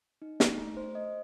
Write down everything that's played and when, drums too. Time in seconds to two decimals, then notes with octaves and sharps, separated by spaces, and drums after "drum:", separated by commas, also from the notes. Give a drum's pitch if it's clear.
0.22 D#4
0.40 D#4, drum: snare
0.58 A3
0.77 C5
0.95 D#5